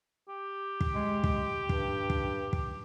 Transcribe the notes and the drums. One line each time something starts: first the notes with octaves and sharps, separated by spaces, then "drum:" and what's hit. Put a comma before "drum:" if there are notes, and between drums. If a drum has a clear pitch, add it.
G4
drum: kick
G#3
drum: kick
G2, drum: kick
drum: kick
drum: kick